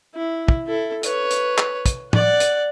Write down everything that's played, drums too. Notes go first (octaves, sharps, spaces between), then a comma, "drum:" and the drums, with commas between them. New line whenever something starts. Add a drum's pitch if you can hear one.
E4
drum: kick
E4 A4
B4 C#5, drum: hi-hat
drum: hi-hat
drum: clap
drum: kick, hi-hat
D5 F#5, drum: tom A2
drum: hi-hat